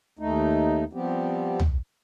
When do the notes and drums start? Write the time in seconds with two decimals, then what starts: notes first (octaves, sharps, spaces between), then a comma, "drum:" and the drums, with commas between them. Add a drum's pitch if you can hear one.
0.19 D#2 A3 D#4
0.93 F3 G3 B3 C4 G4
1.60 drum: tom